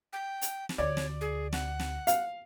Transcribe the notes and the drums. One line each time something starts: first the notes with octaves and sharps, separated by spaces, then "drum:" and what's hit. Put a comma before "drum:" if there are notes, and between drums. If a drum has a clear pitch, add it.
G5
drum: hi-hat
drum: snare
D2 C#5 D5
drum: snare
G#4
F#5, drum: snare
drum: snare
F5, drum: hi-hat